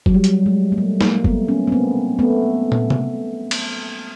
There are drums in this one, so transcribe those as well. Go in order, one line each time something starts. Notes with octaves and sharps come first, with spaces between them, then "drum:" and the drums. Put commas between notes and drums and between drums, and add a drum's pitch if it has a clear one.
F#3, drum: kick G1
G3
drum: hi-hat
G#3
A#3
A3
G#3 A#3, drum: snare
A3 B3, drum: kick G1
B3 C#4
B3
A#3 C4
A3 B3
drum: tom
drum: tom C3
drum: cymbal